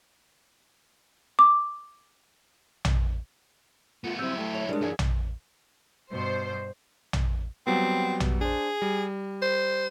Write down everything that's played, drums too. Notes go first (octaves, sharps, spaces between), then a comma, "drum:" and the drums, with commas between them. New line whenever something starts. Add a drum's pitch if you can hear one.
D6
drum: tom A#1
A3 B3 F4
F#3 G3 C4 E4 E6 G6 D#7
A3 G5
C#5 F7
G3 G#3 D4 A#4 D5
F#2 E3 G#4 E5
drum: tom A#1
G2 B2 C5
drum: tom A#1
F#3 G3 B3 C4
drum: tom A#1
D4 G#4 C5
G3
C5